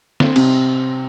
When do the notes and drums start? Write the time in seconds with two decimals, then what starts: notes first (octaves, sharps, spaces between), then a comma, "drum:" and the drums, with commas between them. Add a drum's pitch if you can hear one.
0.20 C4, drum: snare
0.36 C3, drum: cymbal